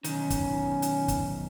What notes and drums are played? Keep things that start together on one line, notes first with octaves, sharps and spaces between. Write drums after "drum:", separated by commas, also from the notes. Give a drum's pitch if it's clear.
B1 D#3 C#4, drum: hi-hat
drum: kick, hi-hat
drum: hi-hat
drum: kick, hi-hat